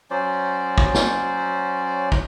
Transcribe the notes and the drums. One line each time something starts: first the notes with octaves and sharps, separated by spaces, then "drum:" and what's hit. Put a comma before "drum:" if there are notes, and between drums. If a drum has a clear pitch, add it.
F#3 C#4 C5 D5
drum: kick
drum: snare
drum: kick